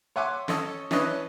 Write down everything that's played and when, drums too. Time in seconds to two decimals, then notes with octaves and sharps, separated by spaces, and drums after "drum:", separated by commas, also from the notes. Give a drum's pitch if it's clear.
0.16 C#5 E5 F#5 G#5 C6 D6
0.48 C#4 A4 C#5 D#5, drum: snare
0.91 E3 C#4 D4 B4 C#5 D#5, drum: snare